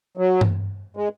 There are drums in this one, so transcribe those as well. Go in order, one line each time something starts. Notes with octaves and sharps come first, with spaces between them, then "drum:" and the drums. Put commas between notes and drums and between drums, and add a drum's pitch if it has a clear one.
F#3
drum: tom G2
G#3